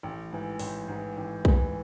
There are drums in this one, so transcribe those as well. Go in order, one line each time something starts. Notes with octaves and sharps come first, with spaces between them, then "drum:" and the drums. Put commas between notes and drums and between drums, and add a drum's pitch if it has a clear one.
A1
G#2 E3
A1, drum: open hi-hat
G#2 E3
A1
G#2 E3, drum: kick B1